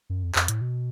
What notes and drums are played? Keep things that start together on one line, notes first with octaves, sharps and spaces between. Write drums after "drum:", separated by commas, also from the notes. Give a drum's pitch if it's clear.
F#2
F2
F2, drum: clap
A2, drum: hi-hat
B2